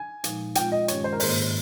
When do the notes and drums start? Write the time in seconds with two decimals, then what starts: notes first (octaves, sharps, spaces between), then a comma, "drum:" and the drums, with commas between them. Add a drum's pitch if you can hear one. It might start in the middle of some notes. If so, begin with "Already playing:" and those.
Already playing: G#5
0.24 A#2 F3 G#3 D#4, drum: hi-hat
0.55 G#3 C4 F4 G5, drum: hi-hat
0.72 D#5
0.88 G2 D#3 G#3 C#4 G4 C#5, drum: hi-hat
1.04 C5
1.13 A#4
1.20 G#2 D#3 A#3 C5, drum: open hi-hat